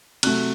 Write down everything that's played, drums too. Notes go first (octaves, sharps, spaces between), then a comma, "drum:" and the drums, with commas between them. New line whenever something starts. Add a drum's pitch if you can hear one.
C3 F#3 A3 F#6, drum: cymbal